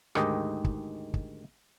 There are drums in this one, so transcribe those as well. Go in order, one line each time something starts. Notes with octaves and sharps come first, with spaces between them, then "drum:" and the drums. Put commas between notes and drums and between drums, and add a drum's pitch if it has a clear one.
D2 G#2 D#3 G#3 G4 D#5, drum: rim click
drum: kick
drum: kick